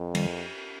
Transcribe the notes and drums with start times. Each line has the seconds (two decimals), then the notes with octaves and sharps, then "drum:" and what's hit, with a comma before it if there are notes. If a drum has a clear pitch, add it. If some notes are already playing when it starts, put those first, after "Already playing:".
Already playing: F2
0.15 D#3 G3, drum: cymbal